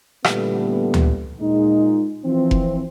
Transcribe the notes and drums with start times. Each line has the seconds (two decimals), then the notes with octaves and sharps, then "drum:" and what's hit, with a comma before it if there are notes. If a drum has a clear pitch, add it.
0.24 A#2 D3 E3 G3 A3 B3, drum: rim click
0.94 drum: tom D2
1.39 A#2 G#3 D#4
2.24 E3 F3 C4
2.51 drum: kick F1